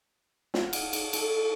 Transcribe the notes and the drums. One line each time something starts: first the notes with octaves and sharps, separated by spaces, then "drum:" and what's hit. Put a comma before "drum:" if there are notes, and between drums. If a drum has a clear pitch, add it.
F5 F#5, drum: snare
drum: cymbal
drum: cymbal
A4, drum: cymbal